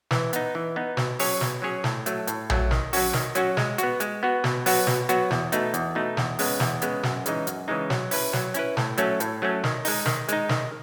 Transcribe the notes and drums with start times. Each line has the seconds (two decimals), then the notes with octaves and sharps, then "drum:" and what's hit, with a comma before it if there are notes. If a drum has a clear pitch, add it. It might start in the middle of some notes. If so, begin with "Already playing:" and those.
0.11 E3, drum: snare
0.33 B3 D#4, drum: hi-hat
0.55 E3
0.76 B3 D#4
0.97 B2, drum: snare
1.19 F#3 C#4 G#4 C#5, drum: open hi-hat
1.41 B2, drum: snare
1.62 F#3 C#4 G#4 C#5
1.84 A2, drum: snare
2.06 F#3 A3, drum: hi-hat
2.27 A2, drum: hi-hat
2.50 F#3 A3, drum: tom A#1
2.71 D#3, drum: snare
2.93 F#3 C#4 F#4, drum: open hi-hat
3.13 D#3, drum: snare
3.35 F#3 C#4 F#4, drum: hi-hat
3.57 G#3, drum: snare
3.78 B3 F#4, drum: hi-hat
4.00 G#3, drum: hi-hat
4.23 B3 F#4
4.44 B2, drum: snare
4.66 F#3 B3 F#4, drum: open hi-hat
4.87 B2, drum: snare
5.09 F#3 B3 F#4, drum: hi-hat
5.31 E2, drum: snare
5.52 B2 A3 D#4, drum: hi-hat
5.74 E2, drum: hi-hat
5.95 B2 A3 D#4
6.17 E2, drum: snare
6.39 C#3 G#3 B3, drum: open hi-hat
6.60 E2, drum: snare
6.82 C#3 G#3 B3, drum: hi-hat
7.03 F#2, drum: snare
7.26 C#3 E3 G#3 D#4, drum: hi-hat
7.47 F#2, drum: hi-hat
7.68 C#3 E3 G#3 D#4
7.90 F#3, drum: snare
8.11 C#4 E4 B4, drum: open hi-hat
8.33 F#3, drum: snare
8.54 C#4 E4 B4, drum: hi-hat
8.77 A2, drum: snare
8.98 F#3 A3 C#4, drum: hi-hat
9.20 A2, drum: hi-hat
9.42 F#3 A3 C#4
9.64 D#3, drum: snare
9.85 G#3 D#4, drum: open hi-hat
10.06 D#3, drum: snare
10.29 G#3 D#4, drum: hi-hat
10.49 D#3, drum: snare